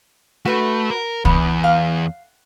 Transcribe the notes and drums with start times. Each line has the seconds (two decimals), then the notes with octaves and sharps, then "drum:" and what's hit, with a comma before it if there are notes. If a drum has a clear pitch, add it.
0.45 A3 F#4 B4
0.90 A#4
1.25 E2 B3, drum: kick
1.64 F5